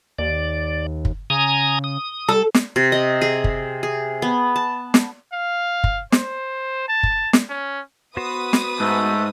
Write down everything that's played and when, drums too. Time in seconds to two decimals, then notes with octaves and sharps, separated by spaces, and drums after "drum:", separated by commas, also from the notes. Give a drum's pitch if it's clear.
0.18 D#2 D5
1.05 drum: kick
1.30 C#3 G#5 A#5 D#6
1.84 D#6
2.29 G3 A4
2.54 drum: snare
2.76 C3
2.92 D#5
3.21 G#4
3.44 drum: kick
3.83 G#4
4.22 B3
4.56 A5
4.94 drum: snare
5.32 F5
5.84 drum: kick
6.12 C5, drum: snare
6.88 A5
7.03 drum: kick
7.33 drum: snare
7.49 C#4
8.17 B3 F#4 B4 C5 D#6
8.53 drum: snare
8.80 G#2 A3